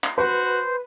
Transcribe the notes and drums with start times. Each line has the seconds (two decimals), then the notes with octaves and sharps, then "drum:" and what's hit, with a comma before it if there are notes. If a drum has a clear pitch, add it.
0.04 drum: clap
0.18 F#4 B4 C5